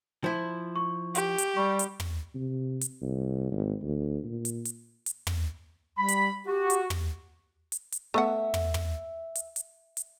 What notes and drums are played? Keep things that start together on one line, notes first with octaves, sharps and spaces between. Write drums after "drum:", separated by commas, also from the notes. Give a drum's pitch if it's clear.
F3 E4
C#6
G4, drum: hi-hat
drum: hi-hat
G3 C#6
drum: hi-hat
drum: tom
C3
drum: hi-hat
C2
G#1
D2
A#2
drum: hi-hat
drum: hi-hat
drum: hi-hat
drum: tom
G3 B5
drum: hi-hat
F#4 G4
drum: hi-hat
drum: tom
drum: hi-hat
drum: hi-hat
A3 B3 E5 F#5
drum: tom
drum: tom
drum: hi-hat
drum: hi-hat
drum: hi-hat